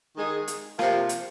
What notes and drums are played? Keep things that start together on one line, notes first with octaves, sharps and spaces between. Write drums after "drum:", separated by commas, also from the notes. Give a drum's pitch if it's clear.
D#3 G#3 D#4 G#4
drum: hi-hat
C3 F3 A#3 F4, drum: rim click
drum: hi-hat